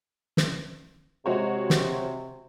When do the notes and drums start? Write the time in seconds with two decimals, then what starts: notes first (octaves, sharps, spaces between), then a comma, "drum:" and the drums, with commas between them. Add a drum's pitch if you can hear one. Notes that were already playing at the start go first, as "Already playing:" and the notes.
0.37 drum: snare
1.26 C3 G#3 F#4 C#5
1.70 drum: snare